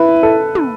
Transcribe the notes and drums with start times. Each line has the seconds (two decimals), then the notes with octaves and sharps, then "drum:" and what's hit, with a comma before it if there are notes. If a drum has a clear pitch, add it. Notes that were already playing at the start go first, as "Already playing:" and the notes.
Already playing: E4 B4
0.23 A4
0.55 drum: tom